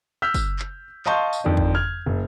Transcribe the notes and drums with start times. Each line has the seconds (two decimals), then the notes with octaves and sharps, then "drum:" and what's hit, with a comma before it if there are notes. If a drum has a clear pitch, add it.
0.22 E6 F6 G6 B6
0.34 drum: kick, tambourine
0.59 drum: clap
1.06 D#5 F5 A5 C6 C#6 G6, drum: clap
1.33 drum: tambourine
1.44 F2 D#3 D4
1.57 drum: kick
1.75 F6 G#6
2.06 F#1